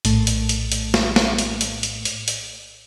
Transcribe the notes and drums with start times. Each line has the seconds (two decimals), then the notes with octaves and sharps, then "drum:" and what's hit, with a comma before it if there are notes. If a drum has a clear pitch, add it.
0.05 A#1 A2 A3, drum: hi-hat
0.27 drum: hi-hat
0.49 drum: hi-hat
0.72 drum: hi-hat
0.94 drum: snare
1.16 drum: snare
1.39 drum: hi-hat
1.61 drum: hi-hat
1.83 drum: hi-hat
2.05 drum: hi-hat
2.28 drum: hi-hat